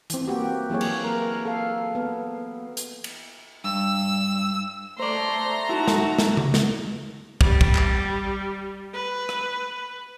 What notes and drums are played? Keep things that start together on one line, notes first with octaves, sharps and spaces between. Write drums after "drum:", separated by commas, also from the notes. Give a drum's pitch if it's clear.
E3 C4, drum: hi-hat
A#3 F#4 G4
E3 F#3 A#3 G#4 C#5
drum: cymbal
A#4
A4 F5
B3
drum: hi-hat
drum: cymbal
G2 E6
A3 C5 D5 A#5 C6
D#4 E4 F#4
drum: snare
drum: snare
drum: tom C#3
drum: snare
G3, drum: kick
drum: kick
drum: clap
B4
drum: rim click